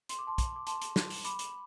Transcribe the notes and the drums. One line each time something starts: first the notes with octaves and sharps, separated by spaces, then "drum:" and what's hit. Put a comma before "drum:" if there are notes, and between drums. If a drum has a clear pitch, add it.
C6, drum: hi-hat
D6
A5 C6
drum: kick, hi-hat
D6
A5 C6, drum: hi-hat
drum: hi-hat
drum: snare
drum: open hi-hat
B5 D6, drum: hi-hat
drum: hi-hat